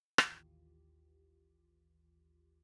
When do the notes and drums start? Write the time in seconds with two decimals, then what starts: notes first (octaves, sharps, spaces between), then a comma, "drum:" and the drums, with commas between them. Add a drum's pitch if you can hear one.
0.18 A1 D#2 E3 F4 G4, drum: rim click